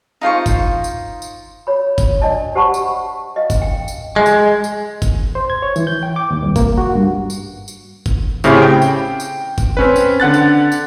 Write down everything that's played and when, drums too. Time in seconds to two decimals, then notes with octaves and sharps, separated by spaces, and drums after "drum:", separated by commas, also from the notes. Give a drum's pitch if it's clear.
0.21 D#4 F4 C5 C#6
0.46 drum: kick, tambourine
0.84 drum: tambourine
1.22 drum: tambourine
1.67 C#5 B5
1.98 drum: kick, tambourine
2.21 D4 D5 D#5 A5
2.55 G4 C5 F#5 A5 B5 C#6
2.74 drum: tambourine
3.36 D#5 F5
3.50 drum: kick, tambourine
3.62 G5
3.88 drum: tambourine
4.16 G#3
4.26 drum: tambourine
4.64 drum: tambourine
5.02 drum: kick, tambourine
5.35 C5
5.50 G#6
5.62 C#5
5.76 E3, drum: tambourine
5.87 G6
6.03 G5
6.16 D6
6.31 D#2
6.43 C2
6.56 A#3, drum: kick, tambourine
6.78 F#4
6.95 G2
7.30 drum: tambourine
7.68 drum: tambourine
8.06 drum: kick, tambourine
8.44 A2 C#3 C4 E4 G4, drum: tambourine
8.62 G5
8.82 drum: tambourine
9.20 drum: tambourine
9.58 drum: kick, tambourine
9.77 C4 C#4 B4
9.96 drum: tambourine
10.20 D3 F#5 F#6 A6
10.34 drum: tambourine
10.72 drum: tambourine